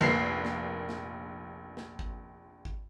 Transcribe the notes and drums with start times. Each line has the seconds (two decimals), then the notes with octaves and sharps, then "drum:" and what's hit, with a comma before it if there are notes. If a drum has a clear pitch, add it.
0.01 F1 A#1 A#3 A#4 B4 C7
0.45 drum: snare
0.89 drum: snare
1.77 drum: snare
1.99 drum: kick G#1
2.65 drum: kick G#1